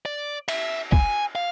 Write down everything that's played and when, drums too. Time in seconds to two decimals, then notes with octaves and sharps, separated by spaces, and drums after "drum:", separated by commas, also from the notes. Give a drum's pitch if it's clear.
0.06 D5
0.48 E5, drum: cymbal
0.92 G#5, drum: kick
1.35 F5